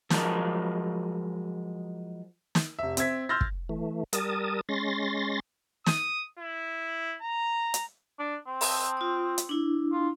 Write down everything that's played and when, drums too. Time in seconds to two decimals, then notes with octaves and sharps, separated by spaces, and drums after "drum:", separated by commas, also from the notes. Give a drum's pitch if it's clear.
0.10 F3 F#3 G#3 A#4 C#5 A5, drum: snare
2.55 drum: snare
2.79 F1 E5
2.97 C4 E5 G#6 B6, drum: hi-hat
3.29 C6 E6 F6 G6 A6 A#6
3.41 drum: kick
3.69 E3 A3
4.13 G3 A#4 A5 D#6, drum: hi-hat
4.69 G#3 C#4 C6 A6 A#6
5.86 D#6, drum: snare
6.39 E4
7.22 A#5
7.74 drum: hi-hat
8.19 D4
8.47 C4
8.61 A5 D#6 E6, drum: open hi-hat
8.97 F4 D#6
9.38 drum: hi-hat
9.49 D4 E4
9.93 F4